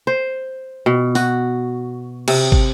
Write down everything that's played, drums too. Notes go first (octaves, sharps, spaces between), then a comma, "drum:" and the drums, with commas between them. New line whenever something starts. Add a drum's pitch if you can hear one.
C5
B2
F#4, drum: open hi-hat
C3, drum: cymbal
drum: kick